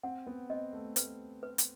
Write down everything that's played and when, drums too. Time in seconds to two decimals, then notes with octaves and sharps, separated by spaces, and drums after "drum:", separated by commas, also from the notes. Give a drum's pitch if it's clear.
0.03 C4 F#5
0.27 B3
0.50 C4 D#5
0.73 A3
0.96 A3 B4, drum: hi-hat
1.43 B4
1.58 drum: hi-hat